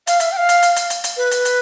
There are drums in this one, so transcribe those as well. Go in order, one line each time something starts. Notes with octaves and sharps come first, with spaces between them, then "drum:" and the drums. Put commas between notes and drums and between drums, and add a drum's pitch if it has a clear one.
F5, drum: hi-hat
E5, drum: hi-hat
G5
F5
drum: hi-hat
drum: hi-hat
drum: hi-hat
drum: hi-hat
drum: hi-hat
B4
drum: hi-hat
drum: hi-hat